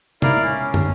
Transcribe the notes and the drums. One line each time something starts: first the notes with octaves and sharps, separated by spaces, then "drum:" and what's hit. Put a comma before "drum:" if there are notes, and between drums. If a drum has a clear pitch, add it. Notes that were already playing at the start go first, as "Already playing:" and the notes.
E4 A#4 D5 F5, drum: tom
C#4
drum: tom